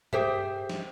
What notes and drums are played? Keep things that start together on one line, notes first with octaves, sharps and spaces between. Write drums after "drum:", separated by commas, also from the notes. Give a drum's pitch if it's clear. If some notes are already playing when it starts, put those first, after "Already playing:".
G4 G#4 C5 E5, drum: tom G2
drum: snare